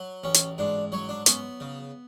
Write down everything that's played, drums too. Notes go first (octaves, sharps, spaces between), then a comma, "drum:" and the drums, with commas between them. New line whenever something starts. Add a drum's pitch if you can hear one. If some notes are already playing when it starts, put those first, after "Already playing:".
Already playing: F#3
A1 C#4
drum: hi-hat
G#2 D4
F#3 C#5
D4
B3 C#4, drum: hi-hat
C#3